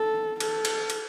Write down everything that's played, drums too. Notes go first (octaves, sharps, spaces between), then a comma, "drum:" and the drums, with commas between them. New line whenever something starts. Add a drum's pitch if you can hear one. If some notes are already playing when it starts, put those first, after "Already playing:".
Already playing: A4
A4, drum: cymbal
drum: cymbal
drum: cymbal